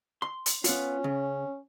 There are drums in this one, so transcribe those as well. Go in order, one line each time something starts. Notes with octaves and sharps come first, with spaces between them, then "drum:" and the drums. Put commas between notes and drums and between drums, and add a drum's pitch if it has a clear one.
C6
drum: hi-hat
B3 C#4 F4, drum: hi-hat
C#3